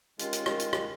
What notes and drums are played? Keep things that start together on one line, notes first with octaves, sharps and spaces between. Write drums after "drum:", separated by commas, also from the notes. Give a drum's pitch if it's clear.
D#3 G#3 C#4 F4 G4 A#4, drum: hi-hat
drum: hi-hat
drum: rim click
drum: hi-hat
drum: rim click